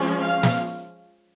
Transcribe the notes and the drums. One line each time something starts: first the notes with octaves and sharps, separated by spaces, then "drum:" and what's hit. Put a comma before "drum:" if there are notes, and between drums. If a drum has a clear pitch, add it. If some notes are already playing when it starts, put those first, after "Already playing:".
Already playing: F3 G#3 C#4
F5
drum: snare